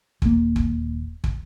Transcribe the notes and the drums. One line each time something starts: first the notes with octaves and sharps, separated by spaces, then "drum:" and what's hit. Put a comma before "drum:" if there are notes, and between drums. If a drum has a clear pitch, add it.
D#1 A#3, drum: kick
drum: kick
drum: kick